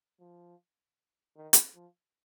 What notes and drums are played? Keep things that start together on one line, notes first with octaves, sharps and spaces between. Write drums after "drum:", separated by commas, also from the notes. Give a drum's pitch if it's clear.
F3
D#3
drum: hi-hat
F3